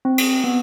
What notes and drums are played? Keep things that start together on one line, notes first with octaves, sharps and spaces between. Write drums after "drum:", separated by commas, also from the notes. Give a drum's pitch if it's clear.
C4
drum: cymbal
B3